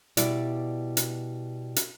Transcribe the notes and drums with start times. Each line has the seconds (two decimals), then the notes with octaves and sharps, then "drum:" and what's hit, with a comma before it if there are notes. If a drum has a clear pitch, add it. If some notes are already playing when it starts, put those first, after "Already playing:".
0.17 B2 G3 E4 D5, drum: hi-hat
0.97 drum: hi-hat
1.76 drum: hi-hat